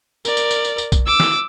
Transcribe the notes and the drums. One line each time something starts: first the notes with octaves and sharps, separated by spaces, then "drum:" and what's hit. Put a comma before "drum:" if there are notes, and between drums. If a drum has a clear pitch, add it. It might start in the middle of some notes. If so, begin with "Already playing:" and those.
A#4 D5, drum: tambourine
drum: tambourine
drum: tambourine
drum: tambourine
drum: tambourine
drum: kick, tambourine
D6 E6
drum: snare